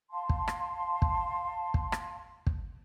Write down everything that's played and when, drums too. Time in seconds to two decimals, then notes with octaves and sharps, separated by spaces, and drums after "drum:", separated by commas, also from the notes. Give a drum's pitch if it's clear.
0.11 F5 A5 C6
0.29 drum: kick
0.48 drum: rim click
1.02 drum: kick
1.74 drum: kick
1.92 drum: rim click
2.47 drum: kick